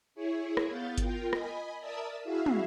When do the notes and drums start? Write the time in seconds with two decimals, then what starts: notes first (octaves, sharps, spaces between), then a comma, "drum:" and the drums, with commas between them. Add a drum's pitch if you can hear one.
0.15 E4 G#4 C#5
0.57 drum: rim click
0.68 B3 F5 G6 A6
0.98 F4 A#4 G5, drum: kick G1, hi-hat
1.33 D#5 G#5 B5, drum: rim click
1.80 A#4 D5 E5 A5 D#6 E6
2.24 E4 F#4 G#4 E5 F5
2.46 drum: tom